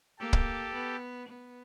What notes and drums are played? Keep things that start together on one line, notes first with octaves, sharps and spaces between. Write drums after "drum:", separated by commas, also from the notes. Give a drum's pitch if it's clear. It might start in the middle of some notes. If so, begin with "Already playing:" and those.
A#3 G4 A4
drum: kick
B3
B3